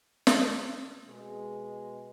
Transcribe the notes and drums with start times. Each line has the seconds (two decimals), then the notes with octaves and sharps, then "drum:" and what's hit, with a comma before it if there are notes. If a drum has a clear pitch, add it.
0.27 drum: snare
1.07 B2 G#3